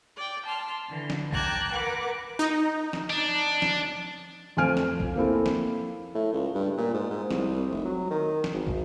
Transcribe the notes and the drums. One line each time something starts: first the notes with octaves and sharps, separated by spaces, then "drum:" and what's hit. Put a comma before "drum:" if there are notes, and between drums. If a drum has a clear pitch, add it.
D5 G5
A5 C6 F6
D3 E3
drum: snare F3
G5 A5 A#5 D6 F#6 G#6, drum: kick
A#4 B4 F#5 D6
D#4
drum: snare F3
D4
drum: snare F3
F2 F3 A3 G#5 F6 D7
drum: snare F3
drum: kick
A#3 C4 E4 A4
drum: snare F3
A2
C#2
G2
A#2
G#2
G#2
C2, drum: snare F3
F1
F#3
D#3
drum: snare F3
G#1
drum: kick